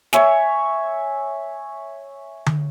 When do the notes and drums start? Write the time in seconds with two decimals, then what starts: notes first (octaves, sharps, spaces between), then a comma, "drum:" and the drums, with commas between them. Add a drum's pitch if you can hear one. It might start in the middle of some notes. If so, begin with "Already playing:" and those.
0.13 C#5 E5 G#5, drum: snare
2.46 drum: tom D3